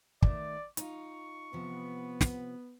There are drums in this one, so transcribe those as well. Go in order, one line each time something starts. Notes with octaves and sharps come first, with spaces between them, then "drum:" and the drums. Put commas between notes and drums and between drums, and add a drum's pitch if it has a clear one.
D#3 A3 D5, drum: kick
D#4 F4 C#6, drum: hi-hat
C3 F3 B3
drum: snare